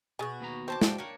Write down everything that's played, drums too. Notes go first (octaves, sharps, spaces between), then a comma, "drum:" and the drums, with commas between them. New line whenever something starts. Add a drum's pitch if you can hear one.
B2 F#4 G#4 G#5
D#2 B3 A#5
C4 C5 A5 D6
D5 F5 G5, drum: snare
A#3 D4 C#5